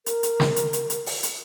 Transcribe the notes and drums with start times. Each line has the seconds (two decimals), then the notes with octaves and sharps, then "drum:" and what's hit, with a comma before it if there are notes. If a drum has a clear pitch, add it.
0.06 A#4, drum: hi-hat
0.23 drum: hi-hat
0.40 drum: snare
0.56 drum: hi-hat
0.73 drum: hi-hat
0.90 drum: hi-hat
1.06 drum: open hi-hat
1.23 drum: hi-hat